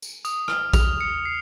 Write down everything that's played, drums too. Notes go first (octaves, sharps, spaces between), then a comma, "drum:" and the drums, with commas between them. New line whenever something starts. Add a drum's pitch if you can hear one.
drum: tambourine
D#6, drum: tambourine
F6, drum: rim click
F7, drum: kick, tambourine
C#7
C7